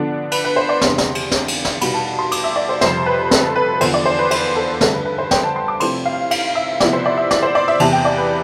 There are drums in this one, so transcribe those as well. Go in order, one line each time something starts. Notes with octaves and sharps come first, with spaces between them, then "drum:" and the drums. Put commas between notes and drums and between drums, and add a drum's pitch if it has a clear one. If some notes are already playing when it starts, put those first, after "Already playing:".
Already playing: D3 F3 B3 D4
B4, drum: cymbal
B4
C5
D5
E2 C3 G3 D4 C6, drum: snare
drum: snare
drum: cymbal
drum: snare
drum: cymbal
drum: snare
B2 G3 B3 B5, drum: cymbal
A5
C6
D6, drum: cymbal
E5
D5
C5
F2 C3 G3 C5, drum: snare
B4
A4, drum: snare
B4
E2 D3 F3 C5, drum: cymbal
D5
C5
B4
C5, drum: cymbal
A4
G2 D3 A3 A4, drum: snare
B4
B4
C5
G5, drum: snare
A5
C6
D6
C3 F3 A3 C4 E4 C6, drum: cymbal
F5
F5, drum: cymbal
E5
C3 F3 B3 E4 D5, drum: snare
C5
D5
E5
D5, drum: snare
C5
D5
E5
E2 C3 E3 A5, drum: cymbal
G5
D5
B4